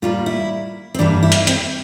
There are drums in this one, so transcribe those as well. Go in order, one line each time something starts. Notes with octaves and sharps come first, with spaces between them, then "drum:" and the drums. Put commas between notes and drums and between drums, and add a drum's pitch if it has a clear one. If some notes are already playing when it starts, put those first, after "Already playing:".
A2 G3 A#3 F4
E4
C4
G2 E3 G3 A#3 D4
E4
drum: hi-hat
C4, drum: hi-hat